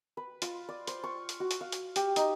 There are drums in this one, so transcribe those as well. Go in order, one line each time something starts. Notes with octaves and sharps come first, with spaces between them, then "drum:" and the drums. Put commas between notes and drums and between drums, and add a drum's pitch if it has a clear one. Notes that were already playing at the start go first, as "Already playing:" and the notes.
B4
F4, drum: hi-hat
D5
C5, drum: hi-hat
C#6
drum: hi-hat
F#4
drum: hi-hat
F5
drum: hi-hat
G4, drum: hi-hat
D#4, drum: hi-hat